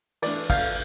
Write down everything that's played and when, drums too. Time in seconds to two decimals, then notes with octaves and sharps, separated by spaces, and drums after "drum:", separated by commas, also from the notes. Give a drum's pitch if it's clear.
0.22 E3 A3 D4 D5, drum: cymbal
0.50 F5, drum: kick, cymbal